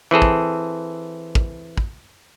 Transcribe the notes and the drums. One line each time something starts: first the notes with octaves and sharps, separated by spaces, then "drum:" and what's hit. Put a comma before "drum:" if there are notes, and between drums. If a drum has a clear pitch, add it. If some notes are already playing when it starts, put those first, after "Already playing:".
E3 C4 G#4 A4
drum: kick
drum: kick
drum: kick